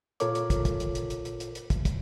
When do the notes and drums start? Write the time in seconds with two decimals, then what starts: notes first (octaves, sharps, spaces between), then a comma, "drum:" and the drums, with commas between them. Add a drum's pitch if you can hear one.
0.20 A#2 F4 A4 A#4 C#5 D6, drum: hi-hat
0.35 drum: hi-hat
0.50 drum: kick, hi-hat
0.65 drum: kick, hi-hat
0.80 drum: hi-hat
0.95 drum: hi-hat
1.10 drum: hi-hat
1.25 drum: hi-hat
1.40 drum: hi-hat
1.55 drum: hi-hat
1.70 drum: kick, hi-hat
1.85 drum: kick, hi-hat